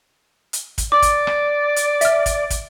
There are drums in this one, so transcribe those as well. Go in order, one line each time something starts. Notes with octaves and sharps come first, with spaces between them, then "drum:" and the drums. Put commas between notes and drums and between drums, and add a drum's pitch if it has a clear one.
drum: hi-hat
drum: kick, hi-hat
D5 D6
drum: kick, hi-hat
drum: rim click
drum: hi-hat
E5 F6, drum: hi-hat
drum: kick, hi-hat
drum: kick, hi-hat